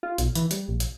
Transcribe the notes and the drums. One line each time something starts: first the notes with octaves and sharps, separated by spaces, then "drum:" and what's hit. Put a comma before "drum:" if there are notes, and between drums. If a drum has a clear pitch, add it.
F4
B1, drum: hi-hat
E3, drum: hi-hat
G3, drum: hi-hat
A#1
drum: hi-hat